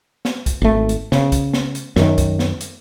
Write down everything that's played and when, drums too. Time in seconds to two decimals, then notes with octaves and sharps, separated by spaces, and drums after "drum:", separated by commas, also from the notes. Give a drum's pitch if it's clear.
0.25 drum: snare
0.46 drum: kick, hi-hat
0.62 G#1 A3
0.89 drum: hi-hat
1.12 C#3, drum: snare
1.32 drum: kick, hi-hat
1.53 drum: snare
1.75 drum: hi-hat
1.96 F#2 D#3, drum: snare
2.18 drum: kick, hi-hat
2.39 drum: snare
2.61 drum: hi-hat